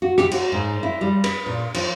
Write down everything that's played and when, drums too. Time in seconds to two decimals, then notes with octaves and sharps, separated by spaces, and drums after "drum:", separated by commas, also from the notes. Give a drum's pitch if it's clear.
0.02 F#4
0.18 G4, drum: rim click
0.31 F#4, drum: cymbal
0.52 G#2
0.83 E4
1.01 G3
1.24 B4, drum: cymbal
1.46 A#2
1.74 F3, drum: cymbal